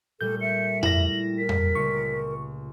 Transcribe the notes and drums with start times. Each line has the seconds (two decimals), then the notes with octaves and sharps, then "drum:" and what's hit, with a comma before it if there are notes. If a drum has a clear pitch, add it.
0.21 A#2 G3 A3 A4 G6
0.41 E5 C#7
0.83 G3 E4 A#6 F#7, drum: tom F2
1.38 A#4 B6
1.49 drum: tom F2
1.75 C#2 C#6